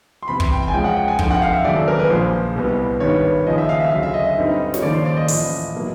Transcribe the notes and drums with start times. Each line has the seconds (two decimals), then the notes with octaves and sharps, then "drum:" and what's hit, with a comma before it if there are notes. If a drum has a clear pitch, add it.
0.23 C6
0.28 E2 C3 E3 B5
0.40 C6, drum: kick
0.51 G5
0.62 G5
0.68 G#5
0.73 C#2 C#3 F3 G#3 C#4 G5
0.84 F#5
0.96 G5
1.08 G#5
1.19 G1 F2 D3 G5, drum: kick
1.30 F#5
1.42 F5
1.53 E5
1.64 E1 D#2 C#3 F#3 D5
1.76 A4
1.88 A#4
1.99 B4
2.10 A#1 A#2 F3 A#3 C5
2.56 C2 B2 G3 B3
3.00 G#1 G2 D#3 G3 B3 C#5
3.47 D#2 C#3 F3 D#5
3.58 E5
3.69 F5
3.80 E5
3.91 D2 C#3 F#3 F5
4.03 E5
4.14 D#5
4.25 D#5
4.38 G2 D3 G3 C4 D#4
4.74 C#5, drum: snare
4.82 D#2 C#3 F3 A#3 C#4 D5
4.94 C5
5.05 D5
5.17 D#5
5.28 A1 A2 F3, drum: open hi-hat
5.75 B2 F#3 A#3